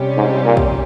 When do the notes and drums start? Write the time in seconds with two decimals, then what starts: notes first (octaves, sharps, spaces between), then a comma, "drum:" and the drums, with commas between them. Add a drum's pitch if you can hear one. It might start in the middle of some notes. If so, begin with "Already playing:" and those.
Already playing: C3 G3 C#4 G4
0.17 G#2
0.45 A#2
0.57 drum: kick A#1